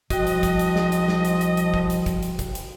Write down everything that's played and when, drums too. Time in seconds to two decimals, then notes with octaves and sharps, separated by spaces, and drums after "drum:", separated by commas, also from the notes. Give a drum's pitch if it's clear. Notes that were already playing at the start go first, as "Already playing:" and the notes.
0.10 C2 B2 F3 F#4 D#5 G5, drum: kick, hi-hat
0.27 drum: hi-hat
0.43 drum: kick, hi-hat
0.59 drum: hi-hat
0.76 drum: snare
0.92 drum: hi-hat
1.08 drum: snare
1.25 drum: hi-hat
1.41 drum: hi-hat
1.57 drum: hi-hat
1.74 drum: kick
1.90 drum: hi-hat
2.06 drum: kick, hi-hat
2.23 drum: hi-hat
2.39 drum: kick, hi-hat
2.55 drum: hi-hat